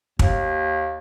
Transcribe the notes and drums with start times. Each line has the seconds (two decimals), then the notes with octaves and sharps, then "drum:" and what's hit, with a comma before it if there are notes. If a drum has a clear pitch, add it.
0.19 D#2, drum: kick